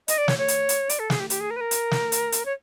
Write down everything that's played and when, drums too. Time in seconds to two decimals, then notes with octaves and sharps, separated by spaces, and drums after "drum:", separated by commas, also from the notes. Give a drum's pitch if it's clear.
0.08 D#5, drum: hi-hat
0.18 D5
0.28 C#5, drum: snare
0.38 C#5
0.48 drum: hi-hat
0.69 drum: hi-hat
0.89 D5, drum: hi-hat
0.99 A4
1.10 G#4, drum: snare
1.20 G4
1.30 G4, drum: hi-hat
1.40 G#4
1.51 A#4
1.56 B4
1.61 A#4
1.71 drum: hi-hat
1.91 drum: snare
2.12 drum: hi-hat
2.32 drum: hi-hat
2.45 C#5